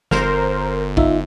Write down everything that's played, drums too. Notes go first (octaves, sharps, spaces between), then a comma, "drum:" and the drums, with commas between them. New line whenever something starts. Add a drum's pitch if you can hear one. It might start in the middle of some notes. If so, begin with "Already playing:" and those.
G1 A#4 C5, drum: snare
D#4 F4 E5, drum: kick